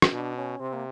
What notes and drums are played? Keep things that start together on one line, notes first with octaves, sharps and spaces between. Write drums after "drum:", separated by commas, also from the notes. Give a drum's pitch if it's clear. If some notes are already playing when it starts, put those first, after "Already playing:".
drum: rim click
B2 D4
C#4
C3 C4
A#3